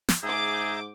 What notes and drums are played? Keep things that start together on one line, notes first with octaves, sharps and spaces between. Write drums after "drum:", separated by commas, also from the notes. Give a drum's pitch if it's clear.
drum: snare
G#2 G#4 E5 A#5 D6 G6